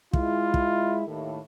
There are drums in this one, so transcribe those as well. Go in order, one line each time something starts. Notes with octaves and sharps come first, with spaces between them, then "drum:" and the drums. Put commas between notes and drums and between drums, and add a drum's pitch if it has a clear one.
G#3 E4 F4, drum: kick
drum: kick
D#2 A2